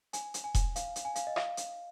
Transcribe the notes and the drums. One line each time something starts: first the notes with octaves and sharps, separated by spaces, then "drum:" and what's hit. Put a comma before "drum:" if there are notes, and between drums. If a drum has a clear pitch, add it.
G#5, drum: hi-hat
drum: hi-hat
G#5
drum: kick E1, hi-hat
F5, drum: hi-hat
drum: hi-hat
G#5
F5, drum: hi-hat
D#5
F5, drum: rim click
drum: hi-hat